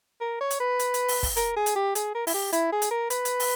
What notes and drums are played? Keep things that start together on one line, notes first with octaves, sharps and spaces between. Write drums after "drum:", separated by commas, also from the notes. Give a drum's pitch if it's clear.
A#4
C#5
drum: hi-hat
B4
drum: hi-hat
drum: hi-hat
drum: open hi-hat
drum: kick, open hi-hat
A#4, drum: hi-hat
G#4
drum: hi-hat
G4
G#4, drum: hi-hat
A#4
E4, drum: open hi-hat
G4
E4, drum: hi-hat
G#4
drum: hi-hat
A#4
B4, drum: hi-hat
drum: hi-hat
drum: open hi-hat